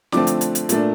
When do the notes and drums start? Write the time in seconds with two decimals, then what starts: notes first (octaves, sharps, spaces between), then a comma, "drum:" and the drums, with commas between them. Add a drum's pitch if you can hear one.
0.12 D3 F3 A3 C4 D6, drum: snare
0.27 drum: hi-hat
0.41 drum: hi-hat
0.55 drum: hi-hat
0.69 A#2 A3 D4, drum: hi-hat